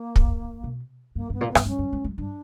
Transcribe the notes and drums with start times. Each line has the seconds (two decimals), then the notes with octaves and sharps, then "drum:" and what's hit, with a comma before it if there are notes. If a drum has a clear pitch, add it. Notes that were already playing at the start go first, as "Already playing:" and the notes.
Already playing: A#3
0.16 drum: kick
0.64 B2
1.15 G2 A#3
1.30 G2 B3
1.41 A#2
1.49 B3
1.55 G2, drum: rim click
1.66 F#2 C#4
1.79 F#2
1.93 E2
2.04 F#2
2.18 G2 D4